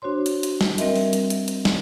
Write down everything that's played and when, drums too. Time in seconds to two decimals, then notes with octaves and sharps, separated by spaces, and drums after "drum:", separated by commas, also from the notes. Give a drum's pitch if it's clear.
0.02 D4 F#4 C5 C#5 C6
0.26 drum: hi-hat
0.43 drum: hi-hat
0.61 drum: snare
0.78 G3 C4 A#4 D#5 E5, drum: hi-hat
0.96 drum: open hi-hat
1.13 drum: hi-hat
1.30 drum: hi-hat
1.48 drum: hi-hat
1.65 drum: snare